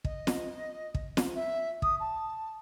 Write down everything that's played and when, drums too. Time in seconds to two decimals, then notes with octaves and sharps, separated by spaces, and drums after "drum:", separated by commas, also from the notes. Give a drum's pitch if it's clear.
0.04 D#5, drum: kick
0.27 drum: snare
0.95 drum: kick
1.17 drum: snare
1.35 E5
1.82 D#6, drum: kick
1.99 A5